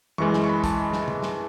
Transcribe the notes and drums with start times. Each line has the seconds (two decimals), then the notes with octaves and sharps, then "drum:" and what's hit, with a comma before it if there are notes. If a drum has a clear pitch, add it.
0.18 F#2 E3 G#3 C#6, drum: tom
0.34 drum: snare
0.44 C#6
0.49 B5
0.64 A5, drum: kick, hi-hat
0.93 drum: snare
1.08 drum: tom C3
1.23 drum: snare